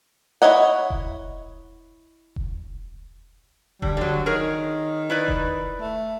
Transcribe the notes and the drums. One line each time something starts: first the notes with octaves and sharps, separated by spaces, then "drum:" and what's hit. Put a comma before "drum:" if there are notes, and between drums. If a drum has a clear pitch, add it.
E4 B4 C#5 D#5 F#5
drum: kick E1
drum: kick E1
D3 G3, drum: kick E1
D3 F#3
D#3 G#4 A#4 C#5
E4 B4 D5
drum: kick E1
A3